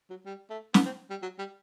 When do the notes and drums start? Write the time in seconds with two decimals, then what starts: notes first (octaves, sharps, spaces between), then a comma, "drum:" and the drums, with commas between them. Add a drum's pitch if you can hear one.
0.10 F#3
0.26 G3
0.50 A3
0.74 B3, drum: snare
0.86 C4
1.10 G3
1.22 F#3
1.39 G3